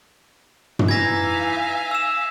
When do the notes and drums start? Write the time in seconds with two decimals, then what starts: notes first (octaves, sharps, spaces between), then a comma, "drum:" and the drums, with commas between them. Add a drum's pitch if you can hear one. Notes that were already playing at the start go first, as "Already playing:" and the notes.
0.79 drum: tom
0.88 E3 D#4 E5 F5 G#5 G#6 A#6
1.91 E6 E7